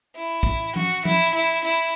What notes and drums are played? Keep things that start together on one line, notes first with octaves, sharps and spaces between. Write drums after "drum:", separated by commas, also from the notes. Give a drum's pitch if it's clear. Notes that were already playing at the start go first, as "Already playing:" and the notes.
E4
drum: kick
F#4, drum: tom F3
E4, drum: tom F3
E4
E4, drum: hi-hat